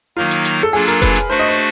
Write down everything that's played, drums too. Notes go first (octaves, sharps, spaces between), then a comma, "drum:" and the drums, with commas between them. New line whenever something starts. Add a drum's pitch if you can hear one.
D#3 F#3 A#3 D#4 F4
drum: hi-hat
drum: hi-hat
A4
F#3 A#3 D4 F4 G#4 A4
A#4, drum: hi-hat
B4, drum: kick F1, hi-hat
drum: hi-hat
A3 D4 F#4 C5
D#5
C5